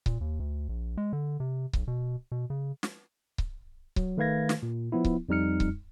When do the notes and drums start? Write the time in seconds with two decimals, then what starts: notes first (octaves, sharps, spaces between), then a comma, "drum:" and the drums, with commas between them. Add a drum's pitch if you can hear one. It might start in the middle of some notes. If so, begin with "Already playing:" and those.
0.06 A#2, drum: kick C#1
0.21 D#2
0.40 D2
0.69 A#1
0.97 G#3
1.13 D3
1.40 C3
1.73 B1, drum: kick C#1
1.88 B2
2.32 B2
2.50 C#3
2.83 drum: snare
3.38 drum: kick C#1
3.96 F#3, drum: kick C#1
4.17 D#3 A3 B4 F5 G#6 A#6
4.49 drum: snare
4.63 A#2
4.92 F3 B3 E4
5.05 drum: kick C#1
5.29 F2 G3 D#4 F6 C#7
5.60 drum: kick C#1